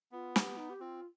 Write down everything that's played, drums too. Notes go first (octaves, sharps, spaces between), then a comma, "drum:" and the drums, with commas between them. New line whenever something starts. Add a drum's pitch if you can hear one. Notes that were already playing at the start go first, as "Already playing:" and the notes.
B3 F4
G#4, drum: snare
G4
D#4
G4
C4 F4